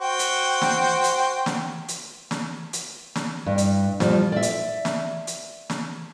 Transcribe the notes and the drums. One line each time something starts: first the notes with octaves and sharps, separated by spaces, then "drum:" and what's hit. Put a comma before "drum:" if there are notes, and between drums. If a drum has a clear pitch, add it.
F#4 C5 G5
drum: hi-hat
drum: snare
drum: hi-hat
drum: snare
drum: hi-hat
drum: snare
drum: hi-hat
drum: snare
G2
drum: hi-hat
F3 G3, drum: snare
D5 E5
drum: hi-hat
drum: snare
drum: hi-hat
drum: snare